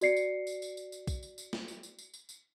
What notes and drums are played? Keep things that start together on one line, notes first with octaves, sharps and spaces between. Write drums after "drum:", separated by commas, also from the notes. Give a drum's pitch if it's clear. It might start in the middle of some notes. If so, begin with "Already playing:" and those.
F#4 D5 C7 C#7, drum: tambourine
drum: tambourine
drum: tambourine
drum: tambourine
drum: tambourine
drum: tambourine
drum: kick, tambourine
drum: tambourine
drum: tambourine
drum: snare
drum: tambourine
drum: tambourine
drum: tambourine
drum: tambourine
drum: tambourine